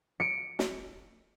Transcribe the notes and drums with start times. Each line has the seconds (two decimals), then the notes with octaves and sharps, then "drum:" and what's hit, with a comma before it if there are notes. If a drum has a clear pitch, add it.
0.20 C#7 D7
0.59 drum: snare